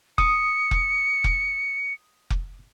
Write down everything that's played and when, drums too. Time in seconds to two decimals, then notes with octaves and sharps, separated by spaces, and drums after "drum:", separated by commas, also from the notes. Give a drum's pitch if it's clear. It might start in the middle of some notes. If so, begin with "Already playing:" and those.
0.18 D#6 C#7, drum: kick F1
0.71 drum: kick F1
1.24 drum: kick F1
2.30 drum: kick F1